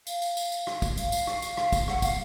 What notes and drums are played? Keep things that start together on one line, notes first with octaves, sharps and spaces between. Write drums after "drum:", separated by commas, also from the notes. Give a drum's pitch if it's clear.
F5, drum: tambourine
drum: tambourine
drum: tambourine
drum: tambourine
drum: rim click
drum: kick, tambourine
F5, drum: tambourine
drum: tambourine
drum: rim click
drum: tambourine
drum: rim click
drum: kick, tambourine
F#5, drum: rim click
F5, drum: kick, tambourine